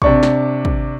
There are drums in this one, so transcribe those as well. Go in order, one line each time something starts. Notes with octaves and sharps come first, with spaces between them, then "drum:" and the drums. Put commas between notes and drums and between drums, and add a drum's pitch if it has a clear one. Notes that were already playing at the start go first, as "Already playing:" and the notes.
C3 D4 C#6, drum: kick
drum: snare
drum: kick